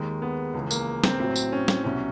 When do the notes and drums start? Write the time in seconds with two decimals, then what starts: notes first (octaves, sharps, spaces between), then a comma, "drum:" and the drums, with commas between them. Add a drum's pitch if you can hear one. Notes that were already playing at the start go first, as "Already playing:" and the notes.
Already playing: D#2 D#3 G#3
0.22 B3
0.54 C#2 C#3 E3 G#3
0.71 A#3, drum: tambourine
1.04 C4, drum: snare
1.20 A1 A2 F#3 C4
1.36 drum: tambourine
1.52 C#4
1.68 drum: snare
1.84 C2 B2 F#3 C#4